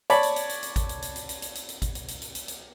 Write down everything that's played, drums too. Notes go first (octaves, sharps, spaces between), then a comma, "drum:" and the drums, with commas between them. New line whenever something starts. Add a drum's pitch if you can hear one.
C#5 D5 A5 B5 D6, drum: hi-hat
drum: hi-hat
drum: hi-hat
drum: hi-hat
drum: hi-hat
drum: kick G#1, hi-hat
drum: hi-hat
drum: hi-hat
drum: hi-hat
drum: hi-hat
drum: hi-hat
drum: hi-hat
drum: hi-hat
drum: kick G#1, hi-hat
drum: hi-hat
drum: hi-hat
drum: hi-hat
drum: hi-hat
drum: hi-hat